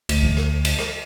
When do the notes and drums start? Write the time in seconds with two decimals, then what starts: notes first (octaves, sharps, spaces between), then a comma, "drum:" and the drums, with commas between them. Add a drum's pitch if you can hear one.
0.09 D2, drum: cymbal
0.23 drum: kick C2
0.37 drum: rim click
0.65 drum: cymbal
0.79 drum: rim click